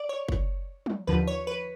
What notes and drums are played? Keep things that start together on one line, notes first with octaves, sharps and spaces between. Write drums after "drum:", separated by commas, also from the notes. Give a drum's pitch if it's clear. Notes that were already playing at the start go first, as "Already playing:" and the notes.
Already playing: D5
C#5
drum: kick F#1
drum: tom
D#2 D3 F3 B4
C#5
B4